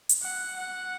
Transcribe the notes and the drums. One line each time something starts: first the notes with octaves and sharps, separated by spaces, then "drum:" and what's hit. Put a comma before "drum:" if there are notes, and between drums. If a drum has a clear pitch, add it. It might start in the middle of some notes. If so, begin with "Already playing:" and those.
drum: hi-hat
F#5
F#5